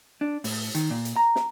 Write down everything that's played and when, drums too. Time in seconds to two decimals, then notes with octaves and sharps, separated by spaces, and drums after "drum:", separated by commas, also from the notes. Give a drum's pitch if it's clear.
0.21 D4
0.44 A2, drum: open hi-hat
0.75 D#3, drum: hi-hat
0.90 A#2
1.05 drum: hi-hat
1.16 A#5
1.36 drum: snare